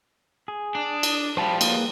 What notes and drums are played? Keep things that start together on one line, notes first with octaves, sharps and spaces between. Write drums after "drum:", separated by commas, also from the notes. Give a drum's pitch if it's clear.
G#4
D4
drum: cymbal
F3 G3 C5 A5 B5
A#3 G#4 B4, drum: cymbal